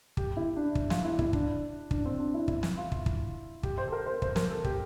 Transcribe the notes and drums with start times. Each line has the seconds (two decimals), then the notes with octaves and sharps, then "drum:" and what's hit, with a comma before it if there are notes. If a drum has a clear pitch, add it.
0.17 G4, drum: kick
0.37 E4
0.56 D4
0.75 drum: kick
0.90 F4, drum: snare
1.05 E4
1.19 E4, drum: kick
1.33 D4, drum: kick
1.91 D4, drum: kick
2.05 C4
2.20 D4
2.34 E4
2.48 E4, drum: kick
2.63 drum: snare
2.77 F4
2.92 drum: kick
3.06 drum: kick
3.63 G4, drum: kick
3.78 C5
3.87 A4
3.92 A#4
4.06 C5
4.22 C5, drum: kick
4.36 A#4, drum: snare
4.50 A4
4.64 G4, drum: kick